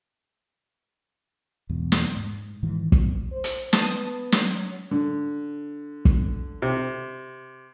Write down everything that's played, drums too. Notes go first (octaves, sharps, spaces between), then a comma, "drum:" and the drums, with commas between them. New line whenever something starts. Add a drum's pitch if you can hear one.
E2 G#2 B2
drum: snare
G#2
G#2 D#3 E3
drum: kick
C5
drum: hi-hat
B3 A5 D#6, drum: snare
F#3 C#4, drum: snare
D3
drum: kick
C3